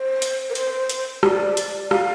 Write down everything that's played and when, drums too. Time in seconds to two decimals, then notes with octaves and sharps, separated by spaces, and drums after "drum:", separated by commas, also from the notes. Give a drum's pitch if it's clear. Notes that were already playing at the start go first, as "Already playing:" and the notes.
Already playing: C5
0.22 drum: hi-hat
0.50 A#4
0.55 C5, drum: hi-hat
0.89 drum: hi-hat
1.23 D5, drum: rim click
1.57 drum: hi-hat
1.91 F5, drum: rim click